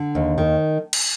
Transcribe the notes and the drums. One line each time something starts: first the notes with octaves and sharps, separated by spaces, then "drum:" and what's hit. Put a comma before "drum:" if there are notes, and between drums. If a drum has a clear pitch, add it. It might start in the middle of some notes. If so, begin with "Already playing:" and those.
Already playing: D3
D#2
D#3
drum: cymbal